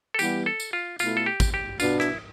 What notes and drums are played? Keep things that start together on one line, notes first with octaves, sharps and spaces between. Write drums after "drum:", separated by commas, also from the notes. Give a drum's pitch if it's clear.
A4
E3 G3 B3 G4, drum: tambourine
A4
drum: tambourine
F4
B2 A3 E4 F4, drum: tambourine
A4
G4
drum: kick, tambourine
G4
B2 B3 D4 F4, drum: tambourine
E4, drum: rim click